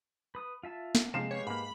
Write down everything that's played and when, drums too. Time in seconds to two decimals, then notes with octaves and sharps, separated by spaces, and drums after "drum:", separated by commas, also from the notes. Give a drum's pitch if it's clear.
0.35 B4 D#6
0.63 F4 E5 A5
0.95 drum: snare
1.14 C3 F3 G#3 C4 F5 E7
1.31 G4 B4 C#5 F5
1.47 G#2 A#3 B5